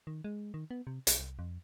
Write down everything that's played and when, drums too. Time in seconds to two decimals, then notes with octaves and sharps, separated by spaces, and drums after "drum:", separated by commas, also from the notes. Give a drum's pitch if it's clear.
0.07 D#3
0.24 G#3
0.54 D#3
0.71 B3
0.87 C3
1.07 B1, drum: hi-hat
1.20 C2
1.39 F2